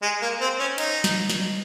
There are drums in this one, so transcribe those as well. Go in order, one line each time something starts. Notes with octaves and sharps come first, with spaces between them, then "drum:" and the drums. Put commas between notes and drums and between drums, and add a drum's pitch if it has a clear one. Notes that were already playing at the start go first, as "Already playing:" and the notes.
G#3
A#3
C4
C#4
D#4, drum: cymbal
drum: snare
drum: snare